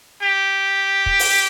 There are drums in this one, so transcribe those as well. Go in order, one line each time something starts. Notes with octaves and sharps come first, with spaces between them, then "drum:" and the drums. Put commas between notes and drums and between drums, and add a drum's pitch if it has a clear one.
G4
drum: kick
drum: open hi-hat